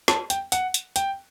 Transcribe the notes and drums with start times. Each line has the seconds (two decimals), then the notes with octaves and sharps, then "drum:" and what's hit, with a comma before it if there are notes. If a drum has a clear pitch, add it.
0.08 A5, drum: snare
0.30 G5, drum: hi-hat
0.52 F#5, drum: hi-hat
0.74 drum: hi-hat
0.96 G5, drum: hi-hat